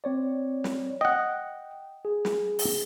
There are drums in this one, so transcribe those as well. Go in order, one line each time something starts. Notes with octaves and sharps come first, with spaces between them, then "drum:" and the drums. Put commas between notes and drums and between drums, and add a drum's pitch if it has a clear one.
C4 C#5 D5
drum: snare
D#5 F#5 G5
G#4
drum: snare
drum: open hi-hat